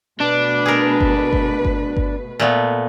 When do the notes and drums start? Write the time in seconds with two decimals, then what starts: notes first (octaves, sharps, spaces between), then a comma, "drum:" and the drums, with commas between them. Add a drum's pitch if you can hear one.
0.21 B2 A3 D4 B4
0.66 G#4 A#4
1.01 drum: kick G1
1.33 drum: kick G1
1.65 drum: kick G1
1.97 drum: kick G1
2.39 A#2 A3 B3